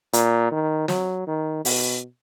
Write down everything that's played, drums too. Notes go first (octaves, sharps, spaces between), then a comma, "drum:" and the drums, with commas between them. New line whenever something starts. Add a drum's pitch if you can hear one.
A#2, drum: hi-hat
D#3
F#3, drum: snare
D#3
B2, drum: open hi-hat